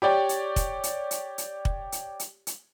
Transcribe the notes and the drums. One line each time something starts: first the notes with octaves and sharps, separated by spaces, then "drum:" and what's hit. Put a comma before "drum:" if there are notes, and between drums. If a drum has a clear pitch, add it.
G4 C#5 D5 G5
drum: hi-hat
drum: kick, hi-hat
drum: hi-hat
drum: hi-hat
drum: hi-hat
drum: kick
drum: hi-hat
drum: hi-hat
drum: hi-hat